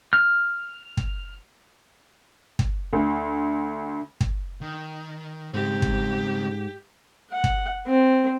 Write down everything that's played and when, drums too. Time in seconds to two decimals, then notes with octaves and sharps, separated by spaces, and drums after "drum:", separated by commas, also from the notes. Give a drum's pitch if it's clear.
0.13 F6
0.97 drum: kick
2.59 drum: kick
2.93 D2
4.21 drum: kick
4.61 D#3
5.54 C#2 G#2 C4 G4
5.82 drum: kick
7.31 F#5
7.44 drum: kick
7.86 C4